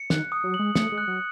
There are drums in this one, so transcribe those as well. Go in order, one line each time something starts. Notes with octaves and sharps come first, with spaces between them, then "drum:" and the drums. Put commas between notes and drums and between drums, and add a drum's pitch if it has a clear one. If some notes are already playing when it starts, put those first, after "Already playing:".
Already playing: C#7
D#3 F#6, drum: snare
D#6
F#3
F#7
G#3
A3 C#7, drum: snare
G#3
F#6
F#3